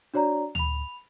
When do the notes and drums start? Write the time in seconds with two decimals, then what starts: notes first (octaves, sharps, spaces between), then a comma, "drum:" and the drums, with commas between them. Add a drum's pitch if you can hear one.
0.14 D4 F#4 C#5 D5 A#5
0.55 B5 F7, drum: tom D2